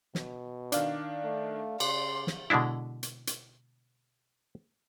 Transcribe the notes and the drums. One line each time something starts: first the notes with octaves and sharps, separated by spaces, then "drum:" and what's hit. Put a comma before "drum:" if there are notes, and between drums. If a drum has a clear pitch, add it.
B2, drum: snare
D#3 D4 D5 F5, drum: hi-hat
A3
C#3 C6 D6, drum: cymbal
drum: snare
B2 D3 G#3 D4 E4
drum: hi-hat
drum: hi-hat